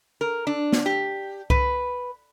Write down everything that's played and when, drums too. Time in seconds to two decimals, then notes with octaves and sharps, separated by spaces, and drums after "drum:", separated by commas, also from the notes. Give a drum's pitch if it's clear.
0.21 A#4
0.47 D4
0.72 drum: snare
0.86 G4
1.50 B4, drum: kick C2